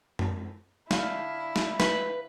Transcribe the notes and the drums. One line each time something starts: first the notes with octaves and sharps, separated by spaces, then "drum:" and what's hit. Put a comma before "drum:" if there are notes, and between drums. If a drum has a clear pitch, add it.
drum: tom F#2
D4 E4 F5, drum: snare
drum: snare
B4, drum: snare